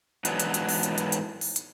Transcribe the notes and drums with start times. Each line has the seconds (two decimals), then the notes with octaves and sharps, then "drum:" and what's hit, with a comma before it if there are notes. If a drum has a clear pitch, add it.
0.25 G#2 E3 F#3 B3 D4, drum: hi-hat
0.40 drum: hi-hat
0.54 drum: hi-hat
0.69 drum: open hi-hat
0.83 drum: hi-hat
0.98 drum: hi-hat
1.12 drum: hi-hat
1.41 drum: open hi-hat
1.56 drum: hi-hat